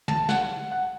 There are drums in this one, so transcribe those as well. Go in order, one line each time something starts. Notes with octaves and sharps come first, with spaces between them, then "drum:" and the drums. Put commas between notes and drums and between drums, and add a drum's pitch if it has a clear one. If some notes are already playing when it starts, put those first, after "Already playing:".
A5, drum: tom
F#5, drum: snare
F#5